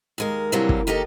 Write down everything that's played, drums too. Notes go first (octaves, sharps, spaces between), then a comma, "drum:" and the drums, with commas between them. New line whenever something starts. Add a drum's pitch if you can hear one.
D#2 G#3 A#4
C3 E3 F#3 G3 A#3 D4
drum: kick
D#3 A#3 G4 A4 D#5